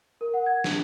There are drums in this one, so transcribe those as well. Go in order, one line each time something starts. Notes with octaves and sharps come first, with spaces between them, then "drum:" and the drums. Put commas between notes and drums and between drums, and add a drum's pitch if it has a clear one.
A#4
F#5
G#6
D4, drum: snare